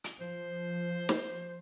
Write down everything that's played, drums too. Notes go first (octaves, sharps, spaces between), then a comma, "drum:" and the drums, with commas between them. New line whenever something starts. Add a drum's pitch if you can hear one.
drum: hi-hat
F3 C5
drum: snare